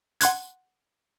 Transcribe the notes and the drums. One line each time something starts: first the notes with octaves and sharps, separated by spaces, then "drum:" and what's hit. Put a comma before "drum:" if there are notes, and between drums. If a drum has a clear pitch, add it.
F#5 C6 F#6 G#6, drum: hi-hat